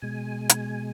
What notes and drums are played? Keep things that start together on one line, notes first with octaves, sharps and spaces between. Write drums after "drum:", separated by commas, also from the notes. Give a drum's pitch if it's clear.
B2 G#3 G#5
drum: hi-hat